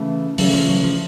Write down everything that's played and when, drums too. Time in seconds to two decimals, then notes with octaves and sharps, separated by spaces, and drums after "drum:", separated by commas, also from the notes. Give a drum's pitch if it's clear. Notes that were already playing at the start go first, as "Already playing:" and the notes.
Already playing: C#3 E3 A3
0.38 C#3 E3 F#3 A3, drum: open hi-hat
0.54 F3
0.69 F#3
0.84 F3